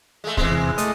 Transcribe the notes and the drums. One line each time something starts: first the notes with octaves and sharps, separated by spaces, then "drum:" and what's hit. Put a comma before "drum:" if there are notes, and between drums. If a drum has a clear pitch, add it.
G#3 A3
E3 G#3 C4, drum: kick
E2 C3
A3 D#5, drum: hi-hat